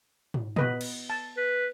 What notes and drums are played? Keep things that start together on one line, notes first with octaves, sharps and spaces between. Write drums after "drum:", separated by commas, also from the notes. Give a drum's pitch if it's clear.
drum: tom
B3 B4 D#5, drum: tom
drum: cymbal
A5
B4